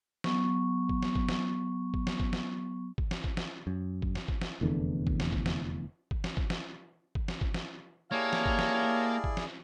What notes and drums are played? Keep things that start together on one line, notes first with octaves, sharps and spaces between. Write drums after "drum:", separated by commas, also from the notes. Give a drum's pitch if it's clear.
F#3 B3 C#6, drum: snare
drum: kick
drum: snare
drum: kick
drum: snare
drum: kick
drum: snare
drum: kick
drum: snare
drum: kick
drum: snare
drum: kick
drum: snare
F#2
drum: kick
drum: snare
drum: kick
drum: snare
F1 E2 D3 E3
drum: kick
drum: snare
drum: kick
drum: snare
drum: kick
drum: snare
drum: kick
drum: snare
drum: kick
drum: snare
drum: kick
drum: snare
A#3 E4 G4 G#4 C#5 D5 F5 A5
drum: snare
drum: kick
drum: snare
drum: kick
drum: snare